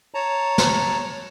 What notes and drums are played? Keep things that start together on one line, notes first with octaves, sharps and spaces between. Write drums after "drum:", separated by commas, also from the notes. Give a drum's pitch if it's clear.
C#5 A5 A#5
drum: snare